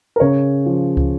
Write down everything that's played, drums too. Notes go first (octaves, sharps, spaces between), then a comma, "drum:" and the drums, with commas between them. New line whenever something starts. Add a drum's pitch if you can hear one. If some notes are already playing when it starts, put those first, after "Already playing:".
A#4
C#3 C#5
F3
drum: kick